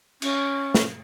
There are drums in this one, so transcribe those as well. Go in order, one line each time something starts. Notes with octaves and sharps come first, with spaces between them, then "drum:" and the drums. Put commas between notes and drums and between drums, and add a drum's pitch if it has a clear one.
C#4, drum: cymbal
drum: snare